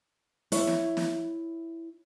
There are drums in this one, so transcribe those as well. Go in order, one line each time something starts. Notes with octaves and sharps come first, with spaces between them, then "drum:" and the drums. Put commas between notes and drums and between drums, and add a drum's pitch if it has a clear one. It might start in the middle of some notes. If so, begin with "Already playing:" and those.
E4 C#5, drum: hi-hat
drum: snare
drum: snare